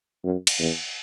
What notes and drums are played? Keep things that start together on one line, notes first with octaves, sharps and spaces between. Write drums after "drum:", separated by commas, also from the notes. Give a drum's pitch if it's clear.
F#2
drum: cymbal
E2